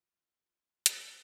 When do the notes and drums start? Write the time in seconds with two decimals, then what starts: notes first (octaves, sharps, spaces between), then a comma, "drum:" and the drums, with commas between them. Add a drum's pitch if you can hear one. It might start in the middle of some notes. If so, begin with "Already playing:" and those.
Already playing: F4
0.47 F4
0.86 drum: hi-hat